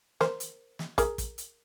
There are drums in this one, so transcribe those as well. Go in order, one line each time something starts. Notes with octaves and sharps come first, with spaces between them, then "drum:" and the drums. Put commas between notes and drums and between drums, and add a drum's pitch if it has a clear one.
A#4 C5, drum: snare
drum: hi-hat
drum: snare
G#4 A#4, drum: kick, hi-hat
drum: kick, hi-hat
drum: hi-hat